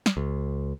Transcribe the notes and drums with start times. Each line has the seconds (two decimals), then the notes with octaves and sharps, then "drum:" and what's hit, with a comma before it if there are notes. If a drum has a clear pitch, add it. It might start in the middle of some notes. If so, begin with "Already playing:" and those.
0.06 drum: snare
0.17 C#2